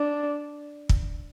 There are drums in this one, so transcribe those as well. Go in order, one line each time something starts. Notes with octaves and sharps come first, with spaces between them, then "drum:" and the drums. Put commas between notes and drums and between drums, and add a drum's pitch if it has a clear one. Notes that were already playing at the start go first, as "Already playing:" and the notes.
Already playing: D4
drum: kick